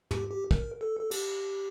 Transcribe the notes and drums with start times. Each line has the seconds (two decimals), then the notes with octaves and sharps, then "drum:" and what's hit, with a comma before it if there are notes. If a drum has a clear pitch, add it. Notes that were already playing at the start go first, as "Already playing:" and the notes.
0.11 G4, drum: tom
0.31 G4
0.51 A#4, drum: kick
0.81 A4
1.00 A4
1.11 G4, drum: cymbal